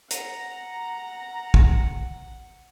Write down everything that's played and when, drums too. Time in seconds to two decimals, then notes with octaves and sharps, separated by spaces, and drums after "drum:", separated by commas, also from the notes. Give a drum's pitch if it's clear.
0.11 F#5 A#5, drum: hi-hat
1.54 drum: kick